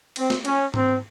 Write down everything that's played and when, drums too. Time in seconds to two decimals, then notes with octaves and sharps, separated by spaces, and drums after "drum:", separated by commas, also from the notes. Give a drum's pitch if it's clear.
0.16 C4, drum: cymbal
0.30 drum: snare
0.45 C#4, drum: cymbal
0.74 C4, drum: tom G#2